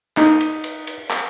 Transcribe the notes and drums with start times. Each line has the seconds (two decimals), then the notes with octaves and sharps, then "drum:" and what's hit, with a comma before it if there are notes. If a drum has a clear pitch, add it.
0.17 D#4, drum: clap
0.41 drum: cymbal
0.64 drum: cymbal
0.87 drum: cymbal
1.10 drum: clap